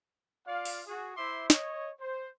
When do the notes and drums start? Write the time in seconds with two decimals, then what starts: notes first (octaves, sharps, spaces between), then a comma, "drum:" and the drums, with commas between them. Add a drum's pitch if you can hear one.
0.47 F4 D5 F5
0.65 drum: open hi-hat
0.87 F#4 G#4
1.17 E4 C5 E5 C6 D6
1.50 C#5 D#5, drum: snare
2.01 C5